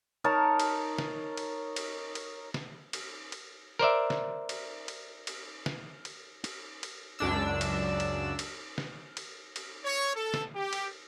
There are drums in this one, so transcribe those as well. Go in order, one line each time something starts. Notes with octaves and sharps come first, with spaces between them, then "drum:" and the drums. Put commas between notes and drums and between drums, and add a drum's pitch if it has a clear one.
D#4 A#4 C#5 A5
drum: cymbal
drum: snare
drum: cymbal
drum: cymbal
drum: cymbal
drum: snare
drum: cymbal
drum: cymbal
A#4 C5 D5 E5
drum: snare
drum: cymbal
drum: cymbal
drum: cymbal
drum: snare
drum: cymbal
drum: cymbal
drum: cymbal
C#2 F#2 D4 E6
drum: cymbal
drum: cymbal
drum: cymbal
drum: snare
drum: cymbal
drum: cymbal
C#5
A4
drum: snare
G4
drum: cymbal